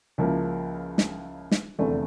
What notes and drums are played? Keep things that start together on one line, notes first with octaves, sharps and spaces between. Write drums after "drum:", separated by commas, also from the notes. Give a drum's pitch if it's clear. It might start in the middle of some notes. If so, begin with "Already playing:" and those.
C#2 C#3 F3 A#3 E4
drum: snare
drum: snare
F1 E2 D3 A3